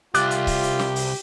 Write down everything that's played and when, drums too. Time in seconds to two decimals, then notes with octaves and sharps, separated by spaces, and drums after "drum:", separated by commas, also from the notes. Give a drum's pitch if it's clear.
0.15 C2 F4 G4 D6 F#6 A6, drum: hi-hat
0.31 drum: hi-hat
0.47 drum: kick C#1, open hi-hat
0.63 drum: hi-hat
0.79 drum: snare
0.96 drum: open hi-hat